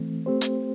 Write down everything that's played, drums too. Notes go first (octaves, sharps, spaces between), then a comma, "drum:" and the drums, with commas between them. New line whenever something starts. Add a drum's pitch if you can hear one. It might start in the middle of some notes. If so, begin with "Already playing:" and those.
Already playing: E3 A3 C4
A3 C4 G4 C5
drum: hi-hat